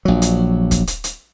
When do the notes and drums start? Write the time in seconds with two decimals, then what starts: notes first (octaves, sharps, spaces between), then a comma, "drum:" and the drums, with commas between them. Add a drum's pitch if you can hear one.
0.05 A#1 F#3
0.22 drum: hi-hat
0.71 drum: kick, hi-hat
0.87 drum: hi-hat
1.04 drum: hi-hat